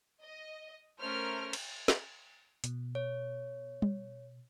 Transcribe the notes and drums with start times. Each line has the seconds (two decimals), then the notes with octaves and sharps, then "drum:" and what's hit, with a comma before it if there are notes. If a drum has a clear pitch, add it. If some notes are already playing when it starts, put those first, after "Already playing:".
0.23 D#5
0.99 A3 C#4 A#4 C5 F6
1.53 drum: cymbal
1.88 drum: snare
2.64 B2, drum: hi-hat
2.95 C#5
3.82 drum: tom G3